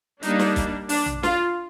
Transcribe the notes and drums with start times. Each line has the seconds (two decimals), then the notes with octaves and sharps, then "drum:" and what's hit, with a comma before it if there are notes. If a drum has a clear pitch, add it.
0.23 G3 A#3 D4 D#4, drum: hi-hat
0.39 drum: snare
0.56 drum: kick, hi-hat
0.89 D4, drum: open hi-hat
1.06 drum: tom A#1
1.23 F4, drum: snare